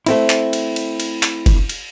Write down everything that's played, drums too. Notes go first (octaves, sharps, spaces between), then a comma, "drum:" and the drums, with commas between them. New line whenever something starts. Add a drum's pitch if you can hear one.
A3 C4 E4, drum: cymbal
drum: clap
drum: cymbal
drum: cymbal
drum: cymbal
drum: clap
drum: kick F#1, cymbal
drum: cymbal